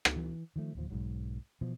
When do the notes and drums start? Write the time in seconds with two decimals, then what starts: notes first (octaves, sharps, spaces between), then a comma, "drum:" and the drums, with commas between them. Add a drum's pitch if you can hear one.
0.05 drum: rim click
0.16 E3
0.56 D#3 F3 A3
0.75 D1 D#2 F3
0.90 B1 G#2 F#3
1.61 B2 E3 F3